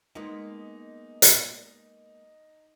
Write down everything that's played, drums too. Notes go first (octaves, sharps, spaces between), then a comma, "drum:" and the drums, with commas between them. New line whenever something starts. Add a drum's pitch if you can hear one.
G#3 A#3 B3 D#4
drum: hi-hat